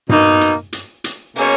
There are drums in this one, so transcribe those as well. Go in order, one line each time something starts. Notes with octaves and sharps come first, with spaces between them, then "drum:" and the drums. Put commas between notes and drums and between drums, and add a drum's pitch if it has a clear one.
B2 A#3 D#4, drum: tom G2
drum: hi-hat
drum: hi-hat
drum: hi-hat
B2 A#3 C#4 G#4 C#5, drum: open hi-hat